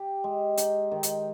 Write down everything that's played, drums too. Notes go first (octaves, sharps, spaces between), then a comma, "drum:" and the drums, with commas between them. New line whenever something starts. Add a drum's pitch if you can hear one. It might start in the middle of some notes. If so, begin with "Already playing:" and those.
Already playing: G4
G#3
D#4, drum: hi-hat
D#3
drum: hi-hat